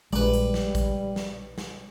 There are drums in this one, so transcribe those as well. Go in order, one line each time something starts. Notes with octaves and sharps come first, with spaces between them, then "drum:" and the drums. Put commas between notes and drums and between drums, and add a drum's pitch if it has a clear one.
A#1 G3 G#3 B4 D5
drum: hi-hat
drum: snare
drum: kick A1, hi-hat
drum: snare
drum: snare